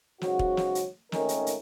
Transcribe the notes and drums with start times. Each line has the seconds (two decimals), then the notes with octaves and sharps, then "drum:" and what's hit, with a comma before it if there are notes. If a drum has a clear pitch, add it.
0.21 G#2 C#3 F#3 F#4, drum: snare
0.39 drum: kick
0.57 drum: snare
0.75 drum: hi-hat
1.12 G#1 D#3 A3 C#4 D#4 A#4, drum: snare
1.29 drum: hi-hat
1.47 drum: hi-hat